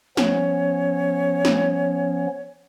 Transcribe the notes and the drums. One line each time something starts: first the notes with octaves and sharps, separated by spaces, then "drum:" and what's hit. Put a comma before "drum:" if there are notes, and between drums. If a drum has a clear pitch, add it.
F3 B3 C#4 C#5, drum: snare
drum: snare